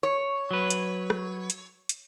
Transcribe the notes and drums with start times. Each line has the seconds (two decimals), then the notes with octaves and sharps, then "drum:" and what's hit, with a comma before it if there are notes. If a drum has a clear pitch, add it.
0.03 C#5
0.51 F#3 B4
0.70 drum: hi-hat
1.10 drum: rim click
1.50 drum: hi-hat
1.89 drum: hi-hat